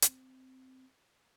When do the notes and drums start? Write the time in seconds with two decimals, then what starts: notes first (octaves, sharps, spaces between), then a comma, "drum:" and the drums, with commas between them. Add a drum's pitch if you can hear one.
0.02 C4, drum: hi-hat